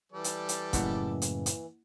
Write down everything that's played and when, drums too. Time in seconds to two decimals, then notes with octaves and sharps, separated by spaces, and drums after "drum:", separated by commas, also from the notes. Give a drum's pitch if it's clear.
0.12 E3 G3 A4 D5
0.24 drum: hi-hat
0.49 drum: hi-hat
0.73 F#2 A2 C#3 A#3 E4 F#5, drum: kick, hi-hat
1.22 drum: hi-hat
1.46 drum: hi-hat